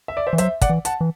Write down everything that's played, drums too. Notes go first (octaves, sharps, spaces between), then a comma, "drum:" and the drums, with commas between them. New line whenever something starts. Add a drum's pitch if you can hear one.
E5
D5
C5 E5
E3
F#3 C5 E5, drum: hi-hat
D5 F#5, drum: kick, hi-hat
E3
F#5 A5, drum: hi-hat
E3